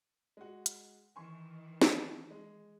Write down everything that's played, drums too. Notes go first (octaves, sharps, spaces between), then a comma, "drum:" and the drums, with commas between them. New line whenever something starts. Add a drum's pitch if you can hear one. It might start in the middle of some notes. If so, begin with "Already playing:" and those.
G#3 F#4
drum: hi-hat
D#3 E3 G#5 C6 C#6
drum: snare
G#3